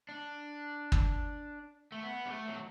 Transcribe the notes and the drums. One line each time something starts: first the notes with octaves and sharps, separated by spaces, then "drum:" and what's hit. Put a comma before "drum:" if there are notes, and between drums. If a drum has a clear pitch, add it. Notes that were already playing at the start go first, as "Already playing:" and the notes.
D4
drum: kick
A3
B3
G3
A3
F#3